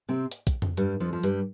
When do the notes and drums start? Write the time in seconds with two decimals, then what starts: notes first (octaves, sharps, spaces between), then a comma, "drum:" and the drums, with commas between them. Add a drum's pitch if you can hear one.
0.09 C3 C4
0.31 drum: hi-hat
0.47 drum: kick, hi-hat
0.62 drum: tom F2
0.77 G2 G3, drum: hi-hat
1.00 F2 F3
1.13 F3
1.23 G2 G3, drum: hi-hat